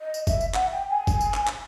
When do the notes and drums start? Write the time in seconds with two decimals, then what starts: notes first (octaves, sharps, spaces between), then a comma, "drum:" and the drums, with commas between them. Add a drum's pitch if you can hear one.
0.01 D#5
0.14 drum: tambourine
0.27 E5, drum: kick F#1, tambourine
0.41 drum: tambourine
0.54 F#5, drum: clap
0.72 G5
0.90 G#5
1.07 drum: kick F#1, tambourine
1.21 drum: tambourine
1.34 drum: clap
1.47 drum: clap